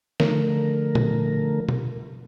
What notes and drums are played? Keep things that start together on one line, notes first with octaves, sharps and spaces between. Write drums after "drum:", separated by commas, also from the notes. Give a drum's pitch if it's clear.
D3 F3 A3 A#4, drum: snare
drum: tom A#2
drum: tom B2